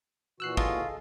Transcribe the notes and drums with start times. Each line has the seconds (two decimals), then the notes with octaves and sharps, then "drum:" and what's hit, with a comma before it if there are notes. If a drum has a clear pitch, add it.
0.40 A#2 E3 F#4 E6 F#6 C7
0.57 F4 G#4 A4 D#5, drum: kick